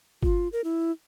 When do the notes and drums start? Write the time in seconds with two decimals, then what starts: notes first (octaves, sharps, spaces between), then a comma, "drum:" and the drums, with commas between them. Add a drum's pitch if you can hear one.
0.23 F4, drum: kick G1
0.52 A#4
0.64 E4